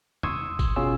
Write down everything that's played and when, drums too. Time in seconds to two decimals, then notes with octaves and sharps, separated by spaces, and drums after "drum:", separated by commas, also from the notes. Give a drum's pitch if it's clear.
0.23 C6 C#6 D#6 E6 G#6, drum: tom
0.59 drum: kick G1, tambourine
0.76 B2 C#4 F4 G#4 E6